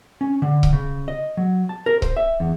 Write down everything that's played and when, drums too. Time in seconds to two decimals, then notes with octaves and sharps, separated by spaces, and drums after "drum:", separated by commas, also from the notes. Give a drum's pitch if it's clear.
0.21 C#4
0.42 D3
0.63 drum: kick C#1
0.73 C#3
1.08 D#5
1.37 F#3
1.69 A5
1.86 A#4
2.02 C5, drum: kick C#1
2.17 E5
2.40 E2